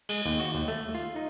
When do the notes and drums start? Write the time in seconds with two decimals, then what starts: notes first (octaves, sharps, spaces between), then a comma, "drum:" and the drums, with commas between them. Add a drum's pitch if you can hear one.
0.09 G#3, drum: cymbal
0.26 D#2
0.40 F#4
0.55 D#2
0.68 A3
0.95 F4
1.16 D#4